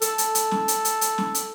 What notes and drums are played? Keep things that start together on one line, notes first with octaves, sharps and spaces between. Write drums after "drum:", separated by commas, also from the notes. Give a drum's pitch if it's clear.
A4, drum: hi-hat
drum: hi-hat
drum: hi-hat
drum: snare C#4
drum: hi-hat
drum: hi-hat
drum: hi-hat
drum: snare C#4
drum: hi-hat